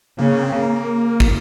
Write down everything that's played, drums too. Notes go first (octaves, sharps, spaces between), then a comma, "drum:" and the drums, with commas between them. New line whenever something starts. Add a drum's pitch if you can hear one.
C#3 A#3
C4
A#3
drum: kick